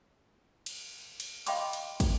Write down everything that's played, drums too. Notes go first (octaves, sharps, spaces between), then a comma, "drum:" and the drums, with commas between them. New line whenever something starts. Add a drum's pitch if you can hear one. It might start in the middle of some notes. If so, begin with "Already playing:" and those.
drum: cymbal
drum: cymbal
D#5 F5 G5 B5 C6 D6, drum: cymbal
drum: cymbal
drum: kick, cymbal